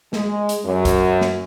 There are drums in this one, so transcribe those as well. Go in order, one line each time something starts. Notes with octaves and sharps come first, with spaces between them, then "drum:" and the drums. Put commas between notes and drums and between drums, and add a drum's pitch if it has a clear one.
G#3, drum: snare
drum: hi-hat
F#2
drum: kick B1, hi-hat
drum: snare